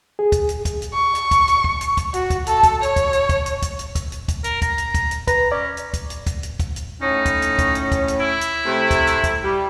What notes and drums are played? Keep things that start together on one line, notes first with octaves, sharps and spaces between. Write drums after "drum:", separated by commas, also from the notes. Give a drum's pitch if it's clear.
G#4
drum: kick, hi-hat
drum: hi-hat
drum: kick, hi-hat
drum: hi-hat
C#6
drum: hi-hat
drum: kick, hi-hat
drum: hi-hat
drum: kick
drum: hi-hat
drum: kick, hi-hat
F#4, drum: hi-hat
drum: kick, hi-hat
A4, drum: hi-hat
drum: kick, hi-hat
C#5, drum: hi-hat
drum: kick, hi-hat
drum: hi-hat
drum: kick, hi-hat
drum: hi-hat
drum: kick, hi-hat
drum: hi-hat
drum: kick, hi-hat
drum: hi-hat
drum: kick, hi-hat
A#4, drum: hi-hat
A#5, drum: kick, hi-hat
drum: hi-hat
drum: kick, hi-hat
drum: hi-hat
B4 A#5, drum: kick, hi-hat
C#4 D5
drum: hi-hat
drum: kick, hi-hat
drum: hi-hat
drum: kick, hi-hat
drum: hi-hat
drum: kick, hi-hat
drum: hi-hat
A2 C#4 D#4
drum: kick, hi-hat
drum: hi-hat
drum: kick, hi-hat
drum: hi-hat
drum: kick, hi-hat
drum: hi-hat
E4
drum: hi-hat
C3 A3
drum: kick, hi-hat
drum: hi-hat
drum: kick, hi-hat
G3